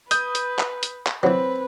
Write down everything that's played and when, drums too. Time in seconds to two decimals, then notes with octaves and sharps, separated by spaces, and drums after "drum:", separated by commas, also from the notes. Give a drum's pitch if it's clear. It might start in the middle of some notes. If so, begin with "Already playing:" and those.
0.11 B4 D#6 G6, drum: hi-hat
0.35 drum: hi-hat
0.59 drum: clap
0.83 drum: hi-hat
1.07 drum: clap
1.23 E3 F#3 C4 B4